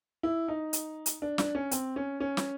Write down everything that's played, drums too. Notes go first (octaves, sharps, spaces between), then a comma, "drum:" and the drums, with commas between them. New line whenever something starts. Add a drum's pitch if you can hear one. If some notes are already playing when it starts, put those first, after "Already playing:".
E4
D#4
drum: hi-hat
drum: hi-hat
D4
D4, drum: snare
C#4
C4, drum: hi-hat
C#4
C#4
drum: snare